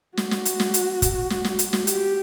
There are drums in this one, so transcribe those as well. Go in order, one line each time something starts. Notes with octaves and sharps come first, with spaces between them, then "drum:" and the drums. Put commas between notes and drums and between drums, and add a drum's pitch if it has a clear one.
F#4, drum: snare
drum: snare
drum: hi-hat
drum: snare
drum: hi-hat
drum: kick, hi-hat
drum: snare
drum: snare
drum: hi-hat
drum: snare
G4, drum: hi-hat